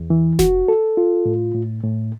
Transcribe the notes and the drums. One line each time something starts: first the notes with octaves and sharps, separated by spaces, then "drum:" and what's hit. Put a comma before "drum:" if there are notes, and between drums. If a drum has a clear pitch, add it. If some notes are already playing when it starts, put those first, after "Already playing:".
Already playing: E2
E3
F#4, drum: snare F1
A4
F4
A2
A2
A2